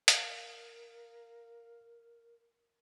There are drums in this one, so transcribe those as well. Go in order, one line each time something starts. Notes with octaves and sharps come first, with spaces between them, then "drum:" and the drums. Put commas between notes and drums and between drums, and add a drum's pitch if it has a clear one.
A#4 F5, drum: hi-hat